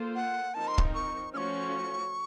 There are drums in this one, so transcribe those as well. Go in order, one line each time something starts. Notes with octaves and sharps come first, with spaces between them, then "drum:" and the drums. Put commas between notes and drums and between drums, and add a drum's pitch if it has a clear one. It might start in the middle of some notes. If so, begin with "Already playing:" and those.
Already playing: A#3 F4 A4 C5
F#5
F3 C4 D#4 A#4 A5
C6
drum: kick C#1
C#6
F3 A3 C#4 F#4 C#6 F6